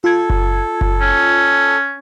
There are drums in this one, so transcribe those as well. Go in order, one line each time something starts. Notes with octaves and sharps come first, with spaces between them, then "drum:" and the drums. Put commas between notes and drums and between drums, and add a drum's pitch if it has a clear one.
F4 A4 G#6
drum: kick F#1
drum: kick F#1
C#4